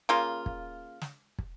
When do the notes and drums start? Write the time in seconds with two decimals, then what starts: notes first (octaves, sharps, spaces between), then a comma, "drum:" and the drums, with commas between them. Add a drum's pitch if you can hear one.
0.09 C#3 A#3 F4
0.46 drum: kick
1.01 drum: snare
1.38 drum: kick